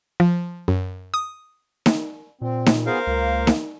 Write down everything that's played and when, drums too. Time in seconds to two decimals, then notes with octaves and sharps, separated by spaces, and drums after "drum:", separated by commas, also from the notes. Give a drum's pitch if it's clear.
0.20 F3
0.68 F#2
1.14 D#6
1.86 drum: snare D#4
2.41 A#2 C4
2.66 drum: snare D#4
2.86 B3 F4 G#4 A#4 C5 F5
3.07 C#2 A#3
3.47 drum: snare D#4